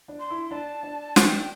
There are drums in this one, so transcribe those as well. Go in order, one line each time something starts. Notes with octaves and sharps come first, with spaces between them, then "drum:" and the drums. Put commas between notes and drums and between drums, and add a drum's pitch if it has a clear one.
D4
C6
E4
D4 A5
D4
G5, drum: snare